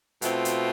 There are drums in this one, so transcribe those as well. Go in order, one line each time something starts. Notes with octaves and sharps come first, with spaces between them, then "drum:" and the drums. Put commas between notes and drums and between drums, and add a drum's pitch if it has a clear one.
B2 A3 C4 F4, drum: hi-hat
drum: hi-hat